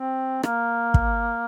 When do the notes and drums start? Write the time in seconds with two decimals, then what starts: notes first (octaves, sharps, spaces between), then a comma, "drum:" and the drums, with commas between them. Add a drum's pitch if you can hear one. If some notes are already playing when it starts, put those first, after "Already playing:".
Already playing: C4
0.43 A#3, drum: rim click
0.94 drum: kick